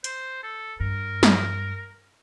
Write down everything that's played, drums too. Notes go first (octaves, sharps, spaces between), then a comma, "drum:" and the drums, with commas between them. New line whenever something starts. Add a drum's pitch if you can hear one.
C5, drum: hi-hat
A4
G2 A#4
drum: snare